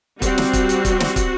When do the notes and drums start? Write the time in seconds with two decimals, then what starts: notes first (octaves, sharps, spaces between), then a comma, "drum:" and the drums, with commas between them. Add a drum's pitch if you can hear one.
0.22 G3 C4 F#4, drum: kick, hi-hat
0.38 drum: snare
0.53 drum: kick, hi-hat
0.69 drum: hi-hat
0.85 drum: kick, hi-hat
1.00 drum: snare
1.16 drum: kick, hi-hat